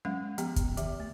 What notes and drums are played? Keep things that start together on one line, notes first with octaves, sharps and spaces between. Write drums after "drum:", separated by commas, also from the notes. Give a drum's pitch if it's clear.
F#3 G#3 C#4 F5 F#5
F3 B3 G4 G5, drum: hi-hat
drum: kick, hi-hat
D#3 G4 E5, drum: hi-hat
A3